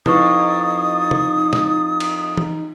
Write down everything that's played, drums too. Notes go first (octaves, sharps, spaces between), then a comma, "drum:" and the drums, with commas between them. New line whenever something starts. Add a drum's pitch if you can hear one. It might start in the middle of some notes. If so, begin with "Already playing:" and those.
F2 D#4 E4 B4 C#6 D#6, drum: tom
drum: tom
drum: snare
drum: cymbal
drum: tom E3